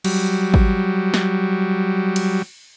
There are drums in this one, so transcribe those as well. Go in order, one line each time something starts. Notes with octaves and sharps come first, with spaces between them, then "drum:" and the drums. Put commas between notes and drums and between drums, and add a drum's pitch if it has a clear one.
F#3 G3, drum: cymbal
drum: kick G#1
drum: snare
drum: cymbal